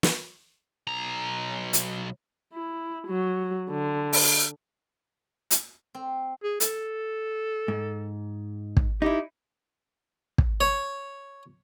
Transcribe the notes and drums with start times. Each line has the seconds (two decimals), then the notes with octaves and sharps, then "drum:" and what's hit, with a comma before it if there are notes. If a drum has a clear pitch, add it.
0.03 drum: snare
0.87 B1 A#5
1.73 drum: hi-hat
2.53 E4
3.08 F#3
3.70 D3
4.13 drum: open hi-hat
5.51 drum: hi-hat
5.94 C4
6.43 G#4
6.60 A4, drum: hi-hat
7.68 G#2
8.77 drum: kick
9.02 D#4 E4 G4
10.38 drum: kick
10.61 C#5